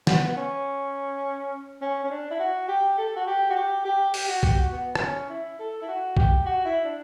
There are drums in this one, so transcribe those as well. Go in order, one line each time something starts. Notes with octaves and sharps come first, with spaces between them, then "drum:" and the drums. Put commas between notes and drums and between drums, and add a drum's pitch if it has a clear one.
B3, drum: snare
B3
C#4
C#4
C#4
D4
E4
F#4
G4
A4
F#4
G4
F#4
G4
G4
G4, drum: open hi-hat
F#4
G4, drum: kick
F#4
B3
B3, drum: rim click
C#4
E4
A4
E4
F#4
G4, drum: kick
F#4
E4
D4